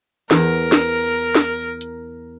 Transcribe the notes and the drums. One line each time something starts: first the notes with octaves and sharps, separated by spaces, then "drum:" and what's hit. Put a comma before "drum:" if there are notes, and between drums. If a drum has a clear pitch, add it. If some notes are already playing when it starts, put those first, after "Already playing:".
E2 A#4, drum: snare
drum: snare
drum: snare
drum: hi-hat